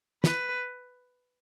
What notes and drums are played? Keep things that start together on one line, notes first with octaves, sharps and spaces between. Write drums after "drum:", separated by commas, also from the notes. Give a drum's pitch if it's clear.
B4, drum: snare